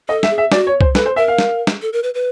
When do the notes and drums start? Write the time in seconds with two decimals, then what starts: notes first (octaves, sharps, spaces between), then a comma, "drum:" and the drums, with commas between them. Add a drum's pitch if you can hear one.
0.09 A4 D#5
0.23 E5, drum: snare
0.30 G#4
0.38 E5
0.52 F#4 D5, drum: snare
0.67 C#5
0.81 C5, drum: kick C2
0.95 A4 B4, drum: snare
1.06 C5
1.16 A#4 E5
1.28 F5
1.38 drum: snare
1.67 drum: snare
1.82 A4
1.93 A#4
2.03 B4
2.14 B4